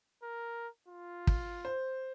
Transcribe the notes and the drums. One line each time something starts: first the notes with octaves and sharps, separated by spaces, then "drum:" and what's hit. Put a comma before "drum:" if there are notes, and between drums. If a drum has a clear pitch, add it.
A#4
F4
drum: kick
C5